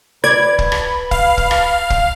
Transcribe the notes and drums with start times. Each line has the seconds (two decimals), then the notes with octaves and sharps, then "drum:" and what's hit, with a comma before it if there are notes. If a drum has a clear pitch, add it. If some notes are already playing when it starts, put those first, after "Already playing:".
0.24 B4 D5 G#6
0.59 drum: kick
0.72 drum: rim click
1.11 F5, drum: kick
1.38 drum: kick
1.51 drum: rim click
1.90 drum: kick